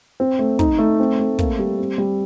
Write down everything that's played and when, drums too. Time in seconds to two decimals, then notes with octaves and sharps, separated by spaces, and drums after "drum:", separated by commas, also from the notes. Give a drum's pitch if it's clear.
0.20 C4
0.39 A3
0.59 D#4, drum: kick, hi-hat
0.79 A3
1.00 C4
1.19 A3
1.39 A#3, drum: kick, hi-hat
1.59 G3
1.79 C4
1.98 G3